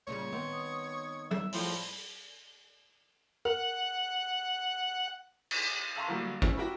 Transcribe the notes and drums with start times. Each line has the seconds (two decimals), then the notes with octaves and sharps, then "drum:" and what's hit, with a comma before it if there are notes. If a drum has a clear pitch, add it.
0.07 A#2 C#3 G3 C#5
0.33 D#3 B3 C4
0.53 D#6
1.31 E5, drum: tom F#3
1.53 A2 F3 C4 B5, drum: open hi-hat
3.45 A#4 F#5
5.51 drum: cymbal
5.96 E5 F5 A5 A#5 C6 C#6
6.08 D3 F#3 G3 A3 A#3
6.42 A3 C4 C#4 E4, drum: kick
6.57 E4 F#4 G4 A#4 G5 B5